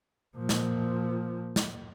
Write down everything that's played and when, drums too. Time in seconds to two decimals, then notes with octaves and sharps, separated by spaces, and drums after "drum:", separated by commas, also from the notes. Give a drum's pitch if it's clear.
0.37 A#2 F3
0.49 drum: snare
1.56 drum: snare